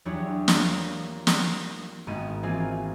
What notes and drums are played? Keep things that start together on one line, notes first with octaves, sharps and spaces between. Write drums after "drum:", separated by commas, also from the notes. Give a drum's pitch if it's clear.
E2 F#3 D4 E4 G4 C#5
A#3 F4, drum: snare
drum: snare
G#1 G#2 B3 D#7
E3 A#3 C4 F4 G#4